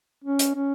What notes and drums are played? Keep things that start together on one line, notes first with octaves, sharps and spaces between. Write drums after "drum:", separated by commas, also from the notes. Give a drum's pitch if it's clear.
C#4
drum: hi-hat
C#4